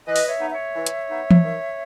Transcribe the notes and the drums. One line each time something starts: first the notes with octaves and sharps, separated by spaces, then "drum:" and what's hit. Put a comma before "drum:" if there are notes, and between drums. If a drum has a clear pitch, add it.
E3 B4 D#5
drum: open hi-hat
C#5 E5
B3 D#4
C#5 E5
E3
drum: hi-hat
B3 D#4
drum: tom E3
D#3